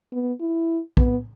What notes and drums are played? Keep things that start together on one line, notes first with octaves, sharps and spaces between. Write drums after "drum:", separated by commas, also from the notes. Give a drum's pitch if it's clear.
B3
E4
B3, drum: kick